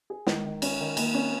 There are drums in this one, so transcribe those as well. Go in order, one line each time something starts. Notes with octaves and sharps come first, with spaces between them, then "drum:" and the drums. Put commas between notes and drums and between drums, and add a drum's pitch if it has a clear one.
G#4
D#3 G#3, drum: snare
D#3
C#4, drum: cymbal
D#3
D#3 A#3, drum: cymbal
C4 C#4